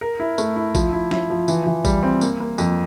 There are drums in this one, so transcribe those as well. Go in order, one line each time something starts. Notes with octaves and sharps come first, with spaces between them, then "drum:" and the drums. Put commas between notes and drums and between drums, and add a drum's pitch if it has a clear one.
A#4
E4
A3, drum: tambourine
E4
F3, drum: kick A1, tambourine
E4
E4, drum: snare
F3
E3, drum: tambourine
E3
G3, drum: kick A1, tambourine
C4
A#3, drum: tambourine
A#3
F2, drum: tambourine